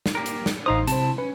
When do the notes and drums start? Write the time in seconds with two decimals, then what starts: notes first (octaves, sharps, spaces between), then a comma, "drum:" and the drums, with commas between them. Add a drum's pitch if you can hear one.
0.06 drum: snare
0.15 A#3 G4 A#4
0.26 drum: hi-hat
0.46 drum: snare
0.66 A1 D#4 C5 F5 A#5 D#6
0.87 C3 E4 C5 A5, drum: hi-hat
1.18 C#4 B4